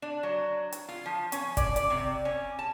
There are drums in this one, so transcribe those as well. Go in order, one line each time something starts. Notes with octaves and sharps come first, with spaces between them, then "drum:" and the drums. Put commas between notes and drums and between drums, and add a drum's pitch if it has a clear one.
D4
F#3
drum: hi-hat
F4
F3
C#4, drum: hi-hat
D5, drum: kick, hi-hat
D5, drum: hi-hat
C3
C#4
A5